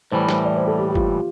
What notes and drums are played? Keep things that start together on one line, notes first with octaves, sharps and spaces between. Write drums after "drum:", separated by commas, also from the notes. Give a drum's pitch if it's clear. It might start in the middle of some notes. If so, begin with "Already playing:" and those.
A2 E3 G3 C5
C5, drum: snare
D5
C5
A4
G4
G4
F4, drum: kick